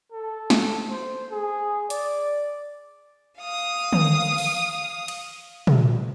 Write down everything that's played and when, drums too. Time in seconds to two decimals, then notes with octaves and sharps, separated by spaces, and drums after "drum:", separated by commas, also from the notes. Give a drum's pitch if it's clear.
0.12 A4
0.50 drum: snare
0.90 C5
1.32 G#4
1.90 D5, drum: hi-hat
3.40 F5 D#6
3.93 drum: tom
4.38 drum: open hi-hat
5.08 drum: cymbal
5.67 drum: tom